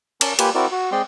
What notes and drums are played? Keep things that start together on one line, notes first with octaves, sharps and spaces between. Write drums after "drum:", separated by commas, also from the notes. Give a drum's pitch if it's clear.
C#4 A#4 A5 D6, drum: cymbal
A#3 F4 G4 B4 G#5, drum: cymbal
C4 E4 F#4 A#4 D5
F#4
G#3 C4 D5 D#5 G5 C6